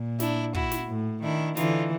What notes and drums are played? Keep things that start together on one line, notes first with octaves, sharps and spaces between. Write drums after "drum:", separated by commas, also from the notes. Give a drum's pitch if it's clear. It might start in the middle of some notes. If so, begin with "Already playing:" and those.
Already playing: A#2
D4 E4, drum: snare
E4 F#4, drum: kick
drum: snare
A2
D#3 D4 E4
D3 E3 D#4 F4, drum: snare